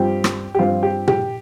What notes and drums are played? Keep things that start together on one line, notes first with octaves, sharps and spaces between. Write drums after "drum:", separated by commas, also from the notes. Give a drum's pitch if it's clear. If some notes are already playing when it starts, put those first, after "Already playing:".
Already playing: G2 F3 C4 G4
drum: rim click
G4
G2 F3 C4 F4
G4
G4, drum: tom A#2